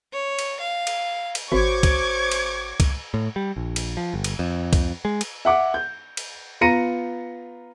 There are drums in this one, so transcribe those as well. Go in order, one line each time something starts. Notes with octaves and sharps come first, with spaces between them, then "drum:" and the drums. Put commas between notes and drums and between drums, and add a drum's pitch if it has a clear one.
C#5
drum: cymbal
F5
drum: cymbal
drum: cymbal
G#1 F#4 C5 C#5 C#6 D6 G#6
drum: kick C#2, cymbal
drum: cymbal
drum: kick C#2, cymbal
A2
G3
A#1
drum: cymbal
F3
G1
drum: cymbal
F2
drum: kick C#2, cymbal
G#3
drum: cymbal
E5 F#5 D6
G6
drum: cymbal
B3 F4 A#5 A#6 C#7 D#7